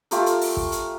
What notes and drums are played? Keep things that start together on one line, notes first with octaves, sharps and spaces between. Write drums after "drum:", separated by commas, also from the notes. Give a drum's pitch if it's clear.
A3 F4 G4 A#4, drum: hi-hat
drum: hi-hat
drum: open hi-hat
drum: kick
drum: hi-hat